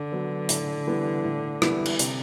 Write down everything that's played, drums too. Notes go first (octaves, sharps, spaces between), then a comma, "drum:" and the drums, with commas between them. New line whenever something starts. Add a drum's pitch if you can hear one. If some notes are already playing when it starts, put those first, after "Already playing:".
Already playing: D3
F#3 B3
A2, drum: hi-hat
E3 G3 B3 E4
A2
E3 G3 B3 E4, drum: rim click
drum: cymbal
C3, drum: hi-hat